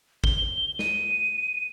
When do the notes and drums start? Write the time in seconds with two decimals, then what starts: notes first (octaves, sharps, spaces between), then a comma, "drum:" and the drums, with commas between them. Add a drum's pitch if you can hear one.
0.24 G7, drum: kick G#1
0.79 D#7, drum: snare